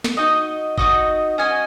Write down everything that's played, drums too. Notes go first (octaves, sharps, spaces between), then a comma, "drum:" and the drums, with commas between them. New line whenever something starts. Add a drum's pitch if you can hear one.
drum: snare
D#4 F#4 D#5
D#4 F#4 D#5, drum: kick G1
C#4 F#4 D#5 G#5